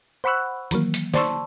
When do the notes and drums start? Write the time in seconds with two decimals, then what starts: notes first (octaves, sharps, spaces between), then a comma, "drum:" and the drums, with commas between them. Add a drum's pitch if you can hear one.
0.24 C5 F#5 B5 C#6 E6 F#6
0.71 D#3 E3 F#3 A#3, drum: hi-hat
0.94 drum: hi-hat
1.14 C5 D5 A5 C6 C#6 E6, drum: snare